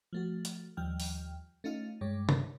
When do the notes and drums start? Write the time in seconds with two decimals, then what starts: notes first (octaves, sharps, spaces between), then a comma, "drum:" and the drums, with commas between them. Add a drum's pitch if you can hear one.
0.13 F3 A3 F#4
0.45 drum: hi-hat
0.77 D#2 F3 G3 G5 F6
1.00 drum: open hi-hat
1.64 A3 C#4 D#4 F4 F5
2.01 G2 G#3 C#5 D6
2.29 drum: tom